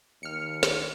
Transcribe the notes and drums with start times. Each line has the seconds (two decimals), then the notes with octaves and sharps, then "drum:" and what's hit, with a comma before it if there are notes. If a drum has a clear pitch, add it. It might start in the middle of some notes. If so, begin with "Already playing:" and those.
0.23 D#2 F6 C#7
0.63 drum: snare